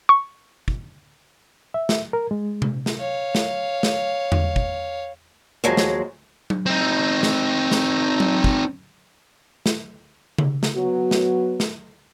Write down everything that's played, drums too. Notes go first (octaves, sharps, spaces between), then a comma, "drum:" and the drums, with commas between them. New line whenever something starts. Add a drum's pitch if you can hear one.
C#6
drum: kick
E5
drum: snare
A#4
G#3
drum: tom C3
drum: snare
C#5 F5
drum: snare
drum: snare
drum: tom E2
drum: kick
D#2 F3 F#3 G#3
drum: snare
drum: tom F#3
C4 D#4
drum: snare
drum: snare
drum: tom F#3
drum: kick
drum: snare
drum: tom C#3
drum: snare
F#3 B3 F#4
drum: snare
drum: snare